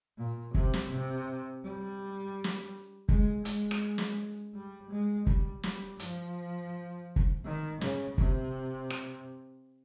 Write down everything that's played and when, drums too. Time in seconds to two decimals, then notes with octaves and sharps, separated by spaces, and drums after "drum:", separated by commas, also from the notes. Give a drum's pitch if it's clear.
0.18 A#2
0.54 C3, drum: kick
0.73 drum: snare
0.91 C3
1.64 G3
2.44 drum: snare
3.09 G#3, drum: kick
3.45 G#3, drum: hi-hat
3.71 drum: rim click
3.98 drum: snare
4.55 G3
4.91 G#3
5.27 G3, drum: kick
5.63 G3, drum: snare
5.99 F3, drum: hi-hat
7.16 drum: kick
7.45 D#3
7.81 C#3, drum: snare
8.18 C3, drum: kick
8.90 drum: rim click